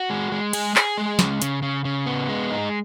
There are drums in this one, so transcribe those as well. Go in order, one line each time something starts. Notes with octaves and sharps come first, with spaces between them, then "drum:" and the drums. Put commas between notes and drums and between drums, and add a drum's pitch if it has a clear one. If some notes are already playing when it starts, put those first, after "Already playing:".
Already playing: F#4
G#3
G#3
G#4, drum: cymbal
G#4, drum: clap
G#3
C#3, drum: snare
C#3, drum: hi-hat
C#3
C#3
B3
G#3
D#4